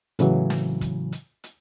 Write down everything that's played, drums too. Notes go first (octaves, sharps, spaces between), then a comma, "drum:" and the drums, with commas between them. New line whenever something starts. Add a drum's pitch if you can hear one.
A2 C#3 E3 F#3, drum: hi-hat
drum: snare
drum: kick, hi-hat
drum: hi-hat
drum: hi-hat